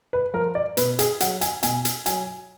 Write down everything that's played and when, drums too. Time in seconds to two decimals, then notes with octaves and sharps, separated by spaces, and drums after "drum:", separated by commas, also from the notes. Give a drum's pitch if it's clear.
0.13 B4
0.34 F3 A#4
0.55 D5
0.77 B2 B4, drum: hi-hat
0.99 G#4, drum: hi-hat
1.20 F#3 F#5, drum: hi-hat
1.41 G#5, drum: hi-hat
1.63 B2 G#5, drum: hi-hat
1.85 drum: hi-hat
2.06 F#3 G#5, drum: hi-hat